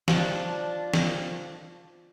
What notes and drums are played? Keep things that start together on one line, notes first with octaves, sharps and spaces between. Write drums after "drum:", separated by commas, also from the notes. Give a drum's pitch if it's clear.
F3 D4, drum: snare
drum: snare